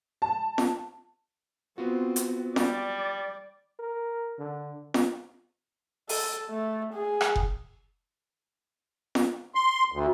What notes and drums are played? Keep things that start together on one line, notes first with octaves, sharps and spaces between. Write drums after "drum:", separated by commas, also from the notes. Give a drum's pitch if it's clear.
A5
drum: snare
B3 C4 F4 F#4
drum: hi-hat
G3 D5, drum: snare
A#4
D3
drum: snare
A4, drum: open hi-hat
A3
G#4
drum: rim click
drum: kick F1
drum: snare
C6
D2